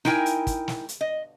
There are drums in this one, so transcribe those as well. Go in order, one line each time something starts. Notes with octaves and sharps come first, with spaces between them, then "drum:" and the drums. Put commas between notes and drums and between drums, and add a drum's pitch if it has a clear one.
D#4 E4 A#4 G5 G#5, drum: snare
drum: hi-hat
drum: kick, hi-hat
drum: snare
drum: hi-hat
D#5